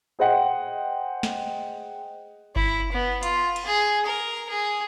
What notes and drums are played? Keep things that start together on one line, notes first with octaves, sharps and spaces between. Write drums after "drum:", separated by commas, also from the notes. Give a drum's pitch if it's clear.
G#4 C5 D#5 F#5 G5
drum: snare
E4, drum: kick G1
B3
F4, drum: hi-hat
drum: cymbal
G#4
A#4
G#4